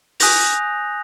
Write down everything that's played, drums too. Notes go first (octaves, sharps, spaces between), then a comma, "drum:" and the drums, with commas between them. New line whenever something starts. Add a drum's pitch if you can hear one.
G#5 D#6 F#6 G6 A#6 F7, drum: open hi-hat